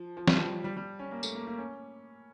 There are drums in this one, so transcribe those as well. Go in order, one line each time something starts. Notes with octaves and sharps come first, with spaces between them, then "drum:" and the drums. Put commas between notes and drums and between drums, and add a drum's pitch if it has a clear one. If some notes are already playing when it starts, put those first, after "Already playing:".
Already playing: F3
F3
G3, drum: snare
F3
G3
G3
C#4
A#3
A3, drum: tambourine
A#3
A#3
C#4